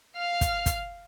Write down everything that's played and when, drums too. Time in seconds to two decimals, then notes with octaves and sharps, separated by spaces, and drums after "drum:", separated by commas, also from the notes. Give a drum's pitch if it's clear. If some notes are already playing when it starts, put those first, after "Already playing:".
0.16 F5 F6
0.41 drum: kick, hi-hat
0.66 drum: kick, hi-hat